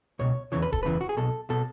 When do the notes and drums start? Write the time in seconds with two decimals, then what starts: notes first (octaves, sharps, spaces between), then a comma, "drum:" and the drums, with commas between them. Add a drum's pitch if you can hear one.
0.19 C#2 B2 C#5
0.52 E2 C#3 E3 C#5
0.62 B4
0.73 A4, drum: kick D#1
0.83 E2 C#3 E3 B4
1.01 F#4
1.09 G#4
1.17 B1 B2 A4
1.50 B2 A4